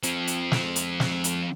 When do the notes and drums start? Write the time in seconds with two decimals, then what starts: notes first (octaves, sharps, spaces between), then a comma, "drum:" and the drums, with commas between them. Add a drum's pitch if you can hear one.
0.03 F3 C4, drum: hi-hat
0.27 drum: hi-hat
0.52 drum: snare
0.76 drum: hi-hat
1.00 drum: snare
1.24 drum: hi-hat